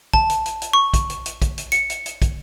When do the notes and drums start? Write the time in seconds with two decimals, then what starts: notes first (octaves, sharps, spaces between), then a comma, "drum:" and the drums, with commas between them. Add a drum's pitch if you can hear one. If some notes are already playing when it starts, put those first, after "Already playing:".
0.14 A5, drum: kick
0.30 drum: hi-hat
0.46 drum: hi-hat
0.62 drum: hi-hat
0.73 C#6
0.94 drum: kick, hi-hat
1.10 drum: hi-hat
1.26 drum: hi-hat
1.42 drum: kick, hi-hat
1.58 drum: hi-hat
1.72 C#7, drum: hi-hat
1.90 drum: hi-hat
2.06 drum: hi-hat
2.22 drum: kick, hi-hat